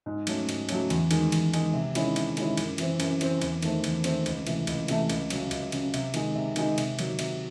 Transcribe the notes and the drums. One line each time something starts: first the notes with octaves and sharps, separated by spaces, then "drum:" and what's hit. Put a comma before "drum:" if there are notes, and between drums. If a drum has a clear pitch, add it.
G#2
F#3 A3 C#4, drum: cymbal
G#2, drum: cymbal
F#3 A3 C#4, drum: cymbal
E2, drum: cymbal
D#3 G#3, drum: cymbal
E2, drum: cymbal
D#3 G#3, drum: cymbal
C3
D#3 G#3 C#4 E4, drum: cymbal
C3, drum: cymbal
D#3 G#3 C#4 E4, drum: cymbal
F#2, drum: cymbal
E3 C4, drum: cymbal
F#2, drum: cymbal
E3 C4, drum: cymbal
E2, drum: cymbal
D#3 A3 C4, drum: cymbal
E2, drum: cymbal
D#3 A3 C4, drum: cymbal
C#2, drum: cymbal
C3 E3 A3, drum: cymbal
C#2, drum: cymbal
C3 E3 A3, drum: cymbal
C#2, drum: cymbal
C#3 F#3, drum: cymbal
C#2, drum: cymbal
C#3 F#3, drum: cymbal
C3, drum: cymbal
D#3 G#3 D#4, drum: cymbal
C3
D#3 G#3 D#4, drum: cymbal
C3, drum: cymbal
D#3 F#3, drum: cymbal
C3, drum: cymbal